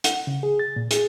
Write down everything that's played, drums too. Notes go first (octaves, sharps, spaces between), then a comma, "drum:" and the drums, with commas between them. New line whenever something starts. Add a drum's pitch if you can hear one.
F#5, drum: hi-hat
C#3
G#4
A6
A#2
G#4, drum: hi-hat